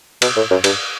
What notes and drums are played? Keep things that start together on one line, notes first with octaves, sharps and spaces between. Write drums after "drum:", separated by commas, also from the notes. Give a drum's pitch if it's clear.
B2, drum: cymbal
A2
F#2
G2, drum: cymbal